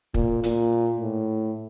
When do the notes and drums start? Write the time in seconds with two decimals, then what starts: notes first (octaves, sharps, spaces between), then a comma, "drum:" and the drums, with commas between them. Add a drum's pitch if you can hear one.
0.14 A#2, drum: kick
0.43 A#2, drum: hi-hat
1.01 A2